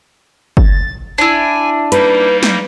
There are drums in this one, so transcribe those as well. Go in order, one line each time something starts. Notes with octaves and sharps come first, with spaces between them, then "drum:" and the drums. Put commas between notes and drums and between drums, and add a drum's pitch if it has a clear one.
A6, drum: kick F#1
D4 E4 G#5
G3 A#3 D#4 B4, drum: hi-hat
drum: snare